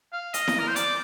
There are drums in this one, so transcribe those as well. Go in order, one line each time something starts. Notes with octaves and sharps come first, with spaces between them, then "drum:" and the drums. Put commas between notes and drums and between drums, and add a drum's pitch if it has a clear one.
F5
D#5, drum: hi-hat
drum: snare E4
A#4
C5
D5, drum: hi-hat